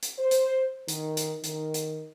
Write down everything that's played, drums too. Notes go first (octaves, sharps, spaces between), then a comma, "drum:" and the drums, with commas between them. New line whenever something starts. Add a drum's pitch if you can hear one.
drum: hi-hat
C5
drum: hi-hat
D#3, drum: hi-hat
drum: hi-hat
D#3, drum: hi-hat
drum: hi-hat